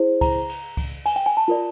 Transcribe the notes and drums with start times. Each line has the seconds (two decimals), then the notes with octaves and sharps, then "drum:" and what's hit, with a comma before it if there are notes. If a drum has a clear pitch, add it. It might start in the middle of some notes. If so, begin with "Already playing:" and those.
Already playing: E4 G#4 C5
0.21 A#5, drum: kick C#2, cymbal
0.49 drum: cymbal
0.77 drum: kick C#2, cymbal
1.06 G#5, drum: cymbal
1.16 G5
1.26 G#5
1.37 A5
1.48 F4 A#4 D5